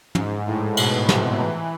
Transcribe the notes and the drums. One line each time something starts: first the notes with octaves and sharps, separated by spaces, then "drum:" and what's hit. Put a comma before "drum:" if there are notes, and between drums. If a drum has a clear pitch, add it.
G#2, drum: tom
A2
B2, drum: cymbal
C3, drum: snare
E3